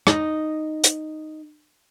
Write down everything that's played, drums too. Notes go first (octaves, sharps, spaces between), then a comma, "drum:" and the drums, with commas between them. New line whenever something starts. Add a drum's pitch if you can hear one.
D#4 D#5, drum: rim click
drum: hi-hat